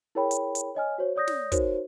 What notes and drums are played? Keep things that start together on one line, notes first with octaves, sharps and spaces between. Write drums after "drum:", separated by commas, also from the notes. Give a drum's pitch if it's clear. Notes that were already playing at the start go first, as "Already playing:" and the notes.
E4 G#4 A#4 C#5 G5 B5
drum: hi-hat
drum: hi-hat
C#5 D#5 G#5 F6
F#4 C5 C#5
C#5 D5 D#6 G6 A#6
drum: snare
D#4 F#4 A#4 C5 C#5, drum: kick, hi-hat